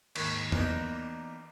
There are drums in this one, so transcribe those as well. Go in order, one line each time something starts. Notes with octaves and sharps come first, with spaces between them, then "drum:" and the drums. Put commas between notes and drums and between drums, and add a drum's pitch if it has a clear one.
D#2 G#2 C#6 F#6, drum: cymbal
E3 A#3 B3 D4 D#4, drum: tom E2